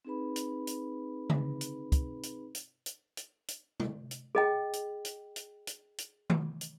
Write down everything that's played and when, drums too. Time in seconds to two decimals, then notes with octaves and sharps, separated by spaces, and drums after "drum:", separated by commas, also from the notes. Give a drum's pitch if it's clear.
0.05 C4 D#4 G#4 B4 B5
0.36 drum: hi-hat
0.67 drum: hi-hat
1.30 drum: tom C#3
1.61 drum: hi-hat
1.92 drum: kick, hi-hat
2.23 drum: hi-hat
2.55 drum: hi-hat
2.86 drum: hi-hat
3.17 drum: hi-hat
3.48 drum: hi-hat
3.80 drum: tom
4.11 drum: hi-hat
4.35 G#4 D#5 G5
4.73 drum: hi-hat
5.05 drum: hi-hat
5.36 drum: hi-hat
5.67 drum: hi-hat
5.98 drum: hi-hat
6.30 drum: tom D#3
6.61 drum: hi-hat